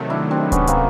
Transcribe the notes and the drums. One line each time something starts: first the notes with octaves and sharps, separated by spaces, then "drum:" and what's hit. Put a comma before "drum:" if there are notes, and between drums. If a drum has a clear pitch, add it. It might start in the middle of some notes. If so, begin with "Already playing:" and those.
Already playing: C3 D#3 F#3 A3
D4 E4
C4 D4
B3 C#4, drum: kick D1, hi-hat
A#3 C4, drum: hi-hat